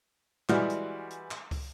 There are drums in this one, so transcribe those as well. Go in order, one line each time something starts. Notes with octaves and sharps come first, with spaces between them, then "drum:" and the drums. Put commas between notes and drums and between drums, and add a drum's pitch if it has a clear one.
E3 G3 G#3 E4 F#4 F6, drum: clap
drum: hi-hat
drum: hi-hat
drum: clap
drum: kick, open hi-hat